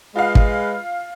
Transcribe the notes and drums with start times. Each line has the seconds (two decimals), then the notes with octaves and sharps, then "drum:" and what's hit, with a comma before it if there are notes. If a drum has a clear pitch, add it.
0.16 G#3 F4 B4 F5
0.35 drum: kick